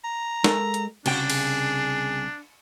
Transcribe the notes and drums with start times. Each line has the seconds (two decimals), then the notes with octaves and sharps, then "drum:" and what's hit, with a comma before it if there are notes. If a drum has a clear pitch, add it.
0.04 A#5
0.44 G#3 A4 A#4, drum: snare
0.74 drum: hi-hat
1.06 C2 C#3 D4 F#4 G5, drum: cymbal
1.30 G#4, drum: cymbal